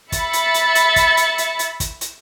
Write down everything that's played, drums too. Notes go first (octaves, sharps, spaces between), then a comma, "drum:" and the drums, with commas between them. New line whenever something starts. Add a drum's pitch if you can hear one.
E5 B5 A6 C#7, drum: kick, hi-hat
drum: hi-hat
drum: hi-hat
drum: hi-hat
drum: kick, hi-hat
drum: hi-hat
drum: hi-hat
drum: hi-hat
drum: kick, hi-hat
drum: hi-hat